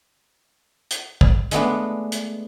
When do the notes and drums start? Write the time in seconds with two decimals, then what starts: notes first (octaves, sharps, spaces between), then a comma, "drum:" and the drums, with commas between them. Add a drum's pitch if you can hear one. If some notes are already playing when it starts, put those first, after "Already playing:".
0.91 drum: hi-hat
1.21 drum: kick
1.51 G#3 A3 B3 D4, drum: hi-hat
2.12 drum: hi-hat